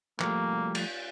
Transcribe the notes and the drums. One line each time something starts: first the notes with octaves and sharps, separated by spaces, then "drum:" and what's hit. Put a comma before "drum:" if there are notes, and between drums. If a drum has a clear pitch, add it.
F3 G3 A3 A#3, drum: clap
drum: cymbal